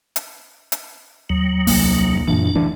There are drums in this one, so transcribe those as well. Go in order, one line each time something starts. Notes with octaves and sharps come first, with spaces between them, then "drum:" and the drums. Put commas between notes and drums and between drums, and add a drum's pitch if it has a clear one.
drum: hi-hat
drum: hi-hat
D#2 F#3
C2 A#3, drum: open hi-hat
F#2 A#2 E3 D4
D2 E3 D4